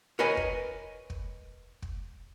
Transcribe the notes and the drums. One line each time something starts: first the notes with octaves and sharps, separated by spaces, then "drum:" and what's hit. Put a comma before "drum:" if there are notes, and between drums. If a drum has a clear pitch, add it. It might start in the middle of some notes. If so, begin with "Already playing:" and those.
A#4 B4 C#5 D#5 G#5
drum: kick
drum: kick
drum: kick